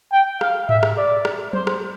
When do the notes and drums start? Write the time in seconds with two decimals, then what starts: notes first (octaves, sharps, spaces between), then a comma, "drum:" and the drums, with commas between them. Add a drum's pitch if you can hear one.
0.12 G5
0.41 F5, drum: rim click
0.69 E5, drum: tom G#2
0.83 drum: rim click
0.97 D5
1.25 drum: rim click
1.53 C5, drum: tom
1.67 drum: rim click